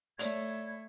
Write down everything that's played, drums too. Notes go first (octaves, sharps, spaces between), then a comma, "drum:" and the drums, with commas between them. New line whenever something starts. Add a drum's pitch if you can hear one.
A3 C#5 D5 B5 G#6, drum: hi-hat